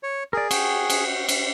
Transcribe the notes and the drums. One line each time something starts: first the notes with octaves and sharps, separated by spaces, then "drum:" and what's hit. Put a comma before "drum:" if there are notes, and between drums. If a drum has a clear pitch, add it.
C#5
G#4 A#4 D5
F#4 G5, drum: cymbal
drum: cymbal
drum: cymbal